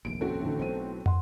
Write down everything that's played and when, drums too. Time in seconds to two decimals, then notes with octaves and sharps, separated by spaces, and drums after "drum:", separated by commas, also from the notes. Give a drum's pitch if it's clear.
0.05 F1 A#1 D#2 D7
0.21 A2 A3 C4 C#4 F#4
0.43 A1 D2
0.60 B1 C5 D#7
1.06 F#5 C6, drum: tom